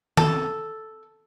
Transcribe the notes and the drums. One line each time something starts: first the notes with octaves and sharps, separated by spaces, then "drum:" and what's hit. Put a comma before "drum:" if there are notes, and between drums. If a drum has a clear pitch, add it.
A4, drum: tom D#3